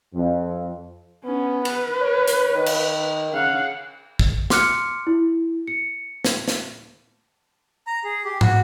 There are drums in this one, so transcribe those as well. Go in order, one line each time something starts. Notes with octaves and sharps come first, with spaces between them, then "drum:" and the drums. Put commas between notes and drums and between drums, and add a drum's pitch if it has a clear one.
F2
B3 C#4
B4, drum: cymbal
C#5
drum: hi-hat
D#3
drum: cymbal
C#3 F5 F#5
drum: kick
C6 D6 F6 F#6 C#7, drum: snare
E4
C#7
drum: snare
drum: snare
A#5
G#4
G4
F#4, drum: tom